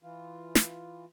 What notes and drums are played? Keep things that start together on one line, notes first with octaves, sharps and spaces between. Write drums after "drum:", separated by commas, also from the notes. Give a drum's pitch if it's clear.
E3 F4
drum: snare